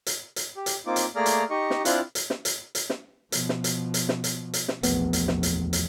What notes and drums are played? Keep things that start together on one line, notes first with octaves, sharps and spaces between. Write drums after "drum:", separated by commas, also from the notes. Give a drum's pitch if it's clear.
drum: hi-hat
drum: hi-hat
G4
drum: hi-hat
A#3 C4 D#4 F4 D6
drum: hi-hat
A3 A#3 G#4 D5 A#5 F6
drum: hi-hat
D#4 G4 D#5 C#6
drum: snare
C4 D4 E4 F4 F5 F#6, drum: hi-hat
drum: hi-hat
drum: snare
drum: hi-hat
drum: hi-hat
drum: snare
B2 F3, drum: hi-hat
drum: snare
drum: hi-hat
drum: hi-hat
drum: snare
drum: hi-hat
drum: hi-hat
drum: snare
A#1 E2 F3 A3 B3, drum: hi-hat
drum: hi-hat
drum: snare
drum: hi-hat
drum: hi-hat